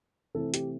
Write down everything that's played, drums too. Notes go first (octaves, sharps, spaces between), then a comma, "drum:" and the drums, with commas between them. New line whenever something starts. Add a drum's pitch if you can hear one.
C3 E3 A3 C4 A4
G4, drum: hi-hat